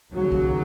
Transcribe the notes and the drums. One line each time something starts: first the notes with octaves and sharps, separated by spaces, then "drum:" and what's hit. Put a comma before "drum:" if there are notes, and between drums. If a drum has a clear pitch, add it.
D#2 C#3 F#3
drum: kick B1